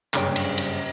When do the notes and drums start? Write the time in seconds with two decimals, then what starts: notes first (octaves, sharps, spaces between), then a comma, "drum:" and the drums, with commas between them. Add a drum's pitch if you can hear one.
0.14 F#1 G2 C#3 C#5 G5 D7, drum: clap
0.36 drum: cymbal
0.58 drum: cymbal